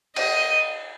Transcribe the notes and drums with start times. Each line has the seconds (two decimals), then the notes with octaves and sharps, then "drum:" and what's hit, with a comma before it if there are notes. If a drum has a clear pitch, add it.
0.16 D#5, drum: cymbal